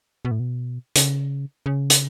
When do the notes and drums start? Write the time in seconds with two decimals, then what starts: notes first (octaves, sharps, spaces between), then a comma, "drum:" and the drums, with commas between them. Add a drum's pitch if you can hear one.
0.25 B2
0.31 A2
0.40 B2
0.96 C#3, drum: hi-hat
1.66 C#3
1.90 drum: hi-hat